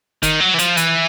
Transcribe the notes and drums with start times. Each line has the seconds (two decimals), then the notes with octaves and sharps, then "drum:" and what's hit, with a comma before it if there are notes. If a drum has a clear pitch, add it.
0.23 D#3, drum: kick F1, hi-hat
0.41 F#3
0.54 E3
0.59 F3, drum: hi-hat
0.77 E3, drum: hi-hat